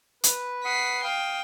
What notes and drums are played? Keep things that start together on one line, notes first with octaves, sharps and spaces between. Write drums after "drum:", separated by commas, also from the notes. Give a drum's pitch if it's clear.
B4, drum: hi-hat
F#5 D#6 B6 C7
F5 G5 D#6